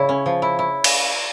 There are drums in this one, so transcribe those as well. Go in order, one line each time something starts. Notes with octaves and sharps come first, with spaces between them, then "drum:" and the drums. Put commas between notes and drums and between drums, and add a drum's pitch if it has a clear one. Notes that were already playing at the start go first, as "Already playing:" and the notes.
Already playing: C#3 E4 C#5
C#4
F3
E4
E4
drum: cymbal